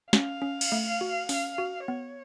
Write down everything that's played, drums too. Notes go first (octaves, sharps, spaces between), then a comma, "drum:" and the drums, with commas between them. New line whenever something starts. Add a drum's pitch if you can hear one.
C#4 F5, drum: snare
C#4
drum: cymbal
A3
F#4
C#4, drum: open hi-hat
F#4
B3 C#5